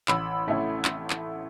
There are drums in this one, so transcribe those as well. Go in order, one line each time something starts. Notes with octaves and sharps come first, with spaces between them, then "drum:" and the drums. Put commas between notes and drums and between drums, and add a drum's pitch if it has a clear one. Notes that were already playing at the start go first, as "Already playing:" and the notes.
A1 B5 E6, drum: clap
A2 A3 C#4 E4
drum: clap
drum: clap